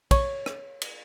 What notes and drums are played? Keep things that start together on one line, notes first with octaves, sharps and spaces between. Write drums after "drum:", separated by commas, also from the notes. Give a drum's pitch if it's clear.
C#5, drum: kick, cymbal
drum: rim click
drum: cymbal